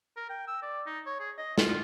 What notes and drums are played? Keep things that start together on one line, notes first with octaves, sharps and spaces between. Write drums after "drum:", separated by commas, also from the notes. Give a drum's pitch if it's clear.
A#4
G5
E6
D5
D#4
C#5
G#4
D#5
F4, drum: snare